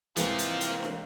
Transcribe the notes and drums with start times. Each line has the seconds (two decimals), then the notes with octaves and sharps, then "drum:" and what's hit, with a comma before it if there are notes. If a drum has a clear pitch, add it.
0.16 C2 G#2 E3 F3 G#3 A#3 C4, drum: hi-hat
0.39 drum: hi-hat
0.61 drum: hi-hat
0.83 drum: snare D4